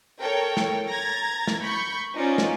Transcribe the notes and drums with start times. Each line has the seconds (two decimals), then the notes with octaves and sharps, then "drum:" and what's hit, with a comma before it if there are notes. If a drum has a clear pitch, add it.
0.20 A4 A#4 C#5 G5
0.57 drum: snare
0.88 A#5 G#6 A6
1.47 drum: snare
1.63 B5 C#6 G6
2.16 C#4 D#4 F4 C5 D5
2.38 drum: snare